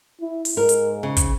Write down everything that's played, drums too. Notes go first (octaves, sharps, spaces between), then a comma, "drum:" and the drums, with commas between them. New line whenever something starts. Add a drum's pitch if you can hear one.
E4
drum: open hi-hat
G#2 A#4
drum: hi-hat
C#3
drum: kick, hi-hat